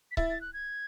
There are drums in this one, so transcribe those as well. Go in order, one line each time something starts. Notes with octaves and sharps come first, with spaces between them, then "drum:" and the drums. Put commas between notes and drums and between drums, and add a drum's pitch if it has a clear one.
B6
E4 A6, drum: kick C#1
A6
F#6
G#6